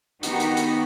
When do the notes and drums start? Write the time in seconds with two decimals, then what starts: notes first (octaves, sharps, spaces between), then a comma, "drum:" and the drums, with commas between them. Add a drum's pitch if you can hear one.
0.23 D#3 B3 D#4 F#4 G4, drum: hi-hat
0.40 drum: hi-hat
0.57 drum: hi-hat